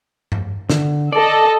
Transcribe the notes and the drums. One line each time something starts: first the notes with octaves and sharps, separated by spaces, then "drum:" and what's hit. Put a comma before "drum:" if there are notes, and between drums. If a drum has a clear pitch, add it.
drum: tom G2
D3, drum: snare
A4 D5 D#5